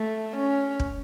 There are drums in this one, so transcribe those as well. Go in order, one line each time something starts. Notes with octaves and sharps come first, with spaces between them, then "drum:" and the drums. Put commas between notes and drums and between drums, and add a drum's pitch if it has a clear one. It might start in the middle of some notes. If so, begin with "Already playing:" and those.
Already playing: A3
C#4
drum: kick